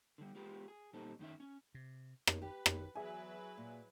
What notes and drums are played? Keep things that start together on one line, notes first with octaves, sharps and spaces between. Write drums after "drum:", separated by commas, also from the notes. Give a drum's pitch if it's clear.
D3 G3
G#3 F4 G4 B4
G#4
A#2 G3 C4 D#4 A4
F#2 D#3 G#3 C#4 E5
C#4
C3
drum: rim click
G4 B4
drum: rim click
E2 F#3 E4 G#4 B4 E5 G#5
A#2